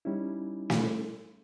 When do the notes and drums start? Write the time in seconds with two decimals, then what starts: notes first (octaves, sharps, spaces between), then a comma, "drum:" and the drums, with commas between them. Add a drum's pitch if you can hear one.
0.05 G3 C#4 D#4 E4
0.70 drum: snare